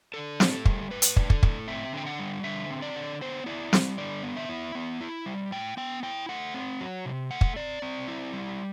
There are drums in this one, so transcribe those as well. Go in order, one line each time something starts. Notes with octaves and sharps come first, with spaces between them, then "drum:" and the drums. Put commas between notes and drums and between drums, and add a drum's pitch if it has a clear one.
D4 A4
A2, drum: snare
A4
G3, drum: kick
A2 B4
drum: hi-hat
D4, drum: kick
A4, drum: kick
A2, drum: kick
C4 E5
D3 G5
F#5
G3
D3 E5
C4
D5
D3
B3 C5
E4 D5
G3, drum: snare
D3 D5
B3
E5
E4
B3
E4
G3
A2 G5
B3 G5
E4 G5
A3 F#5
C4
F#3
C3
A3 F#5
drum: kick
C4 D5
C4
E4
G3